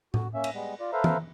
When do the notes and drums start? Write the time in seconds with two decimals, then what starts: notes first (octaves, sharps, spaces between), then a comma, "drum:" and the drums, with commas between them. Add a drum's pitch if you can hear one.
0.14 F#4, drum: tom A2
0.34 A#3 C#4 E5
0.44 drum: cymbal
0.54 G3 G#3 B3
0.80 F4 D5
0.93 A4 B4 C5 E5 F5 A#5
1.04 drum: tom